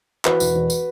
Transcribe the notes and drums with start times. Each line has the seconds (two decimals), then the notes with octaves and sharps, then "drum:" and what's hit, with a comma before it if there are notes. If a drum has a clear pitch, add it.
0.25 E3 F#4 B4, drum: clap
0.40 E1, drum: tambourine
0.55 E1
0.70 drum: tambourine